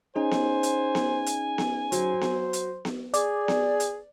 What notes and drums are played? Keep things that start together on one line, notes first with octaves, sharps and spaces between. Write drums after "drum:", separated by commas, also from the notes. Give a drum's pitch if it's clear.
C#4 D#4 G#4 C5 G#5
drum: snare B3
drum: hi-hat
drum: snare B3
drum: hi-hat
drum: snare B3
F#3 C5, drum: hi-hat
drum: snare B3
drum: hi-hat
drum: snare B3
G#4 D5, drum: hi-hat
drum: snare B3
drum: hi-hat